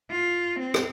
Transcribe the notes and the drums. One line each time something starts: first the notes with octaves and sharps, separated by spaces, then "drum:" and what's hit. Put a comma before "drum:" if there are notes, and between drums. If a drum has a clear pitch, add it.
F4
C4
drum: rim click